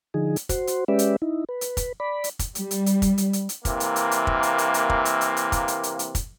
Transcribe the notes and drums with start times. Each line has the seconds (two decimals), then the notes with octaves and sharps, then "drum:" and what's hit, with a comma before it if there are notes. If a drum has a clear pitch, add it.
0.14 D3 F3 D#4 G#4
0.36 drum: hi-hat
0.49 F#4 C5, drum: kick, hi-hat
0.67 drum: hi-hat
0.88 G#3 C#4 G4 B4 D5 E5
0.99 drum: hi-hat
1.22 D#4 E4
1.49 B4
1.61 drum: hi-hat
1.77 drum: kick, hi-hat
2.00 D5 B5
2.24 drum: hi-hat
2.39 drum: kick, hi-hat
2.55 G3, drum: hi-hat
2.71 drum: hi-hat
2.86 drum: hi-hat
3.02 drum: kick, hi-hat
3.18 drum: hi-hat
3.33 drum: hi-hat
3.49 drum: hi-hat
3.65 C3 E3 A#3, drum: kick, hi-hat
3.80 drum: hi-hat
3.96 drum: hi-hat
4.11 drum: hi-hat
4.27 drum: kick
4.43 drum: hi-hat
4.58 drum: hi-hat
4.74 drum: hi-hat
4.90 drum: kick
5.05 drum: hi-hat
5.21 drum: hi-hat
5.37 drum: hi-hat
5.52 drum: kick, hi-hat
5.68 drum: hi-hat
5.83 drum: hi-hat
5.99 drum: hi-hat
6.15 drum: kick, hi-hat